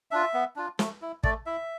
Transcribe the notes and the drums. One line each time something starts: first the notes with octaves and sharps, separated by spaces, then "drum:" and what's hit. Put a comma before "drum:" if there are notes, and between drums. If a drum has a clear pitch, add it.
D4 F4 E5
B3
D4 F4
A3, drum: snare
E4
A3 D5, drum: kick
E4 E5